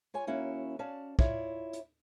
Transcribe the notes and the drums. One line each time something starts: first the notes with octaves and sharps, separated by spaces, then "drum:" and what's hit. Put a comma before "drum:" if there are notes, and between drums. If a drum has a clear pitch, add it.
F4 C#5 G#5
D#2 A#3 C#4 E4 F#4
C#4 F#4 D5 F5 A5
E4 F4 C#5 D5, drum: kick
drum: hi-hat